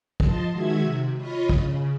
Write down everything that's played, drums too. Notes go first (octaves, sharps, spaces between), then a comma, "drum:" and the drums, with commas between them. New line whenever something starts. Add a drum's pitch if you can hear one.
F3 D#5 A5 C6, drum: kick
D#3 G#3 F#4 E5 G#6
C3
F4 C#5 D#5 B5
C#3, drum: kick